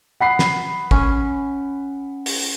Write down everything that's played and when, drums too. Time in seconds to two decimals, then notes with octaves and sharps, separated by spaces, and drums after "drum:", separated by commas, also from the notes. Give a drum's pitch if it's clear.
0.20 F#5 B5 C7
0.39 drum: snare
0.91 C#4, drum: kick
2.26 drum: open hi-hat